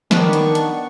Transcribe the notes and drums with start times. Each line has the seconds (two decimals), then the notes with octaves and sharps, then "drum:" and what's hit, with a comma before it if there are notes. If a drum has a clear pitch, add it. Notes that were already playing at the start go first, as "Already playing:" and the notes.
0.11 D#3 B3 D4 C#6, drum: snare
0.33 drum: hi-hat
0.55 drum: hi-hat